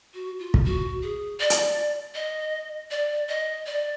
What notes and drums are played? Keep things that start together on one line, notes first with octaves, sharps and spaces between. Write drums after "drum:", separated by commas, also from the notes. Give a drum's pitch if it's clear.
F#4
F4
drum: kick
F#4
G#4
D5
drum: hi-hat
D#5
D5
D#5
D5